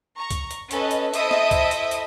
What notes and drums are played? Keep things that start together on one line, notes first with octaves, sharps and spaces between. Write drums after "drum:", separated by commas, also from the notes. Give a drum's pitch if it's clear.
A#5 C#6
drum: kick C#2, hi-hat
drum: hi-hat
C#4 A4 B4 D#5, drum: hi-hat
drum: hi-hat
E4 A4 C5 D#5 E5 D#6, drum: hi-hat
drum: snare
drum: kick C#2, hi-hat
drum: hi-hat
drum: hi-hat